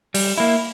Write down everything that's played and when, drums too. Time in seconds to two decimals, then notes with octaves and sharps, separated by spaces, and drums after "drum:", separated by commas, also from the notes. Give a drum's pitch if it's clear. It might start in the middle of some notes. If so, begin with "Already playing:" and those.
0.14 G3, drum: open hi-hat
0.37 A#3 E4